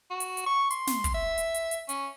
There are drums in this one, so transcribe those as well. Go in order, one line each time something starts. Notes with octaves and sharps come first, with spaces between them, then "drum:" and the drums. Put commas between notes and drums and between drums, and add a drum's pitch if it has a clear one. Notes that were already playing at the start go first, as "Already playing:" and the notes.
F#4
drum: hi-hat
drum: hi-hat
C#6
C6, drum: hi-hat
drum: snare
drum: kick, hi-hat
E5
drum: hi-hat
drum: hi-hat
drum: hi-hat
C#4, drum: hi-hat